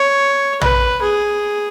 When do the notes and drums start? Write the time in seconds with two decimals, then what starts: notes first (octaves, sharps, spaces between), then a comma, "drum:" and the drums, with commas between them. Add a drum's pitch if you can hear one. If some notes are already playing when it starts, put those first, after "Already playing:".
Already playing: C#5
0.61 B4, drum: tom A#1
1.02 G#4